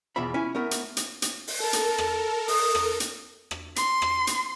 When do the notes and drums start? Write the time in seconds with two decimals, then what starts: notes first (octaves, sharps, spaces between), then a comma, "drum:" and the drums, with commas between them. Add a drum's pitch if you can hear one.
0.16 E2 B2 F4 E5 B5
0.34 C#4 E4 E5 G#5
0.55 A3 B3 A#4 E5
0.71 drum: hi-hat
0.97 drum: hi-hat
1.22 drum: hi-hat
1.47 drum: open hi-hat
1.60 A4 A#4 A5
1.73 drum: hi-hat
1.98 drum: rim click
2.48 D#6, drum: open hi-hat
2.75 drum: rim click
3.00 drum: hi-hat
3.51 drum: rim click
3.76 C6, drum: hi-hat
4.02 drum: rim click
4.27 drum: hi-hat